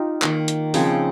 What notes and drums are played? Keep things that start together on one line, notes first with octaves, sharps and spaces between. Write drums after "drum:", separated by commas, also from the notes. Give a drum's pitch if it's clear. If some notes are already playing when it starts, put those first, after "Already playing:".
Already playing: D#4 F4 G4
D#3 A#3, drum: clap
drum: hi-hat
C#3 F3 C4 D#4, drum: open hi-hat